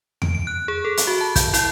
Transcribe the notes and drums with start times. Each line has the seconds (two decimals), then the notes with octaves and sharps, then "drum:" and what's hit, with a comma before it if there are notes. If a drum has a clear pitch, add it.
0.22 D7, drum: tom E2
0.35 D7
0.47 F#6
0.68 G#4
0.85 A4
0.97 drum: hi-hat
1.07 F#4
1.21 A5
1.36 G6, drum: kick, hi-hat
1.54 E4, drum: hi-hat